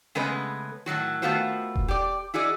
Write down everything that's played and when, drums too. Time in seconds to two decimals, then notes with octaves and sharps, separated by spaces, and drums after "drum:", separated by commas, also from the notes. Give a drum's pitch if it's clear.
0.15 C#3 G#3 A3 B3 B4 D#5
0.86 A2 D#3 F#3 F#4
1.22 D#3 A3 B3 F4 F#4 C5
1.76 drum: kick E1
1.88 G4 D5
2.34 E4 F#4 G#4 D5 D#5